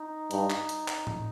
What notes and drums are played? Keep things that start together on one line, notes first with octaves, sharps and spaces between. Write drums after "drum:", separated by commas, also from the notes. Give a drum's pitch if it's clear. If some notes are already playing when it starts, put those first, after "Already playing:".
Already playing: D#4
G2, drum: hi-hat
drum: clap
drum: hi-hat
drum: clap
drum: tom A2